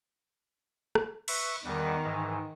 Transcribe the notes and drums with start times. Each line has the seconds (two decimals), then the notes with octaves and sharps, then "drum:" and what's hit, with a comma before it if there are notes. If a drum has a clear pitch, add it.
0.95 drum: rim click
1.28 B4 E5 C#6, drum: cymbal
1.65 E2 D#3 G3 F#5
2.04 G#2 E3